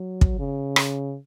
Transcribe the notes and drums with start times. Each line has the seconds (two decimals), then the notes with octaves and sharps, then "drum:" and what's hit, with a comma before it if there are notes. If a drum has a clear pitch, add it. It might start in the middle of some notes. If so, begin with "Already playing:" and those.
Already playing: F#3
0.21 drum: kick
0.39 C#3
0.76 drum: rim click